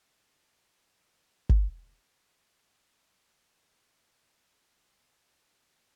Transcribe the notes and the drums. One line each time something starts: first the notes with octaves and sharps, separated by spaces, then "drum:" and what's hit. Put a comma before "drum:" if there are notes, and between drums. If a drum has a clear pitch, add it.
B2 G3 C4
drum: kick G1
A2 E4
G1 F#4
C6
A2 F4